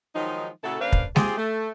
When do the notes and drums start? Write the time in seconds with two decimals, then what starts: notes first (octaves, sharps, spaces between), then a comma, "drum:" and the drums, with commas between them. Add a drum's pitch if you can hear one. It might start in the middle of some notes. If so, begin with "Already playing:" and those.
0.15 D#3 F3 F#3 G#3 D#4
0.64 A#2 C#3 E4 F#4 A4
0.81 C#3 A#3 D4 B4 C5 F5
0.92 drum: kick
1.16 C4 F4 G4 G#4, drum: snare G#3
1.38 A3